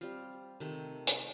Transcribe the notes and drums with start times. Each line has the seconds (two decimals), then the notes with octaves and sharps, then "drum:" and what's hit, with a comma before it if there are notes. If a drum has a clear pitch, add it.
0.01 G3 C4 F4
0.60 C3 D#3 A3 C4
1.07 drum: hi-hat